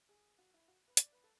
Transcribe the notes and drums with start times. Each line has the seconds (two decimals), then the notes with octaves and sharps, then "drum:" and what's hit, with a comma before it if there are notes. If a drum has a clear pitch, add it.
0.09 G#4
0.38 F#4
0.54 E4
0.68 F#4
0.88 B4
0.97 D5, drum: hi-hat
1.12 B4
1.24 A4